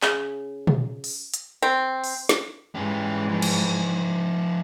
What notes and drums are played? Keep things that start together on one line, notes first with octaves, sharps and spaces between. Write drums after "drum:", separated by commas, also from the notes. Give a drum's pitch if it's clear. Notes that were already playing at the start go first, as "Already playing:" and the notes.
C#3, drum: clap
drum: tom
drum: open hi-hat
drum: hi-hat
C4
drum: open hi-hat
drum: snare
G#2 E3 G3 C#4 G4
F3 D#4
drum: cymbal